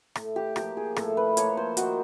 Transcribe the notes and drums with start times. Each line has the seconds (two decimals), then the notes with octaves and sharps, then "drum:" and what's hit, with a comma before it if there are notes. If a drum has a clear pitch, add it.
0.16 A2, drum: rim click
0.36 G4
0.56 F3 A#3 G4, drum: rim click
0.77 G#4
0.96 A2 A4, drum: rim click
1.17 B4
1.37 F3 A#3 C#5, drum: hi-hat
1.57 C5
1.77 D#3 F#4, drum: hi-hat